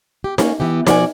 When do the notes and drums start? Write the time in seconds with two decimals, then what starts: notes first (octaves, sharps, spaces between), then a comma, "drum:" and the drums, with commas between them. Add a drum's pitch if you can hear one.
0.24 G4
0.38 A#3 C#4, drum: snare D#4
0.60 E3 B3 G4
0.87 B2 F3 F#4 D5 F#5 G#5, drum: snare D#4